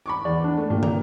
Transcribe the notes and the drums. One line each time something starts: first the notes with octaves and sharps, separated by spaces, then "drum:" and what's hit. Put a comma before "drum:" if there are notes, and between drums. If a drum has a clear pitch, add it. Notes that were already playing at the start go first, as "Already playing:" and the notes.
B5 C#6 D6
E2 D5
D4
A3
A#2 G4
A#5, drum: tom